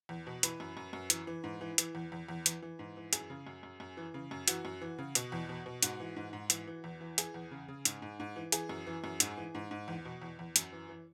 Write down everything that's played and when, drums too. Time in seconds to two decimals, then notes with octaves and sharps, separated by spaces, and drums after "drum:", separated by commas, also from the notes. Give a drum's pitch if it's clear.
0.09 E2
0.27 B2
0.43 E3 B4, drum: hi-hat
0.60 F#2
0.77 F#2
0.93 F#2
1.10 E3, drum: hi-hat
1.27 E3
1.44 G#2
1.61 E3
1.78 E3, drum: hi-hat
1.95 E2
2.12 E2
2.29 E2
2.46 E3, drum: hi-hat
2.62 E3
2.79 G#2
2.97 E3
3.13 F#2 G#4, drum: hi-hat
3.30 C#3
3.47 F#2
3.63 F#2
3.80 F#2
3.97 E3
4.14 C#3
4.31 F#2
4.48 E3 F#4, drum: hi-hat
4.65 F#2
4.81 E3
4.99 C#3
5.15 B2, drum: hi-hat
5.32 E2
5.49 B2
5.66 B2
5.83 G#2 F#4, drum: hi-hat
6.00 E3
6.16 G#2
6.33 G#2
6.50 E3, drum: hi-hat
6.67 E3
6.84 E2
7.01 E3
7.18 E3 G#4, drum: hi-hat
7.34 E2
7.51 C#3
7.69 C#3
7.85 G#2, drum: hi-hat
8.02 G#2
8.20 G#2
8.36 E3
8.52 E3 G#4, drum: hi-hat
8.69 F#2
8.86 E3
9.04 F#2
9.20 G#2, drum: hi-hat
9.38 E3
9.55 G#2
9.71 G#2
9.88 E2
10.05 B2
10.22 E2
10.39 E2
10.56 F#2, drum: hi-hat
10.72 E3
10.89 E3